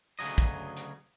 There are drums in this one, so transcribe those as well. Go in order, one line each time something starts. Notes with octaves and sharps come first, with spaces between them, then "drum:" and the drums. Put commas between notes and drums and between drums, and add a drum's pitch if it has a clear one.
D2 C#3 F3 F#3 D#5
drum: kick, hi-hat
drum: hi-hat